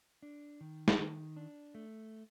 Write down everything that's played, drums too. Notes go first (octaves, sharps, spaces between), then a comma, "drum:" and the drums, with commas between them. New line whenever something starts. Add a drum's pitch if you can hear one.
D4
D#3
drum: snare
D#3
D4
A3